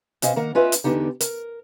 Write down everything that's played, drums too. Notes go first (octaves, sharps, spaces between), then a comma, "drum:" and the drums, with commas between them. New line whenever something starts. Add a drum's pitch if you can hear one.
B2 C#4 C5 D#5 F5, drum: hi-hat
D#3 A#3 A#4 F#5
C#4 F4 B4 D#5 E5
drum: hi-hat
E2 D3 B3 D#4 G4
A#4, drum: hi-hat